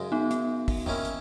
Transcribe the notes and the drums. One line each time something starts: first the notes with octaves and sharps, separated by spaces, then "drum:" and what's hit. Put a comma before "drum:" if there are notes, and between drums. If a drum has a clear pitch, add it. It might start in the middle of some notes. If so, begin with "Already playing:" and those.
Already playing: F#2 C#3 G#3
B3 D#4
B3, drum: hi-hat
drum: kick, open hi-hat
D#3 A#3 C#4 E4 A#4, drum: tom E2
drum: hi-hat